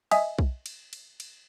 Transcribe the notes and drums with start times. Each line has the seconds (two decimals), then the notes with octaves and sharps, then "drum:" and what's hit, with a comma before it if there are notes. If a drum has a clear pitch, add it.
0.11 D#5 E5 G#5 D#6, drum: cymbal
0.39 drum: kick B1
0.66 drum: cymbal
0.93 drum: cymbal
1.20 drum: cymbal